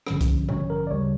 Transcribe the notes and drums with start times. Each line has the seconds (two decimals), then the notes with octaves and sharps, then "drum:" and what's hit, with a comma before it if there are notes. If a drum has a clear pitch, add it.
0.07 A1 G2 D3 F3 C#4, drum: rim click
0.21 drum: kick C2, hi-hat
0.49 C#5, drum: tom B2
0.70 A#4
0.87 D5
0.91 D2 C#3 G3 C#5